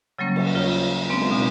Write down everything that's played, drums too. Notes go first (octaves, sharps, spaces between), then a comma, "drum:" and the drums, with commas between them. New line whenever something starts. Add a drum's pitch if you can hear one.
C#3 F#3 G3 A#3 C#4
drum: cymbal
D#2 G3 F4 C#5
G#3 B3 C4 D4
drum: cymbal
B2 D#4